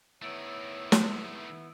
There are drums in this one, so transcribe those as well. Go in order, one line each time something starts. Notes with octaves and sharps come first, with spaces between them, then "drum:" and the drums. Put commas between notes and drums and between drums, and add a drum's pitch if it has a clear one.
D#3 A3 B3 E4 C#5 E6 D7 D#7
drum: snare